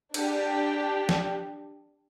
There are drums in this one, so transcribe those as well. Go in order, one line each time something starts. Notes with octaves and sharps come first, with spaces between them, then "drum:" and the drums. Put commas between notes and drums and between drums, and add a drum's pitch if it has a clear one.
D4 G4, drum: cymbal
drum: snare